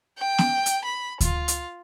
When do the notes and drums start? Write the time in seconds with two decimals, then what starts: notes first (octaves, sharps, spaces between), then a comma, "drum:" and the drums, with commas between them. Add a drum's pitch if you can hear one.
0.19 G5
0.38 drum: snare
0.66 drum: hi-hat
0.85 B5
1.21 F4, drum: kick D2, hi-hat
1.48 drum: hi-hat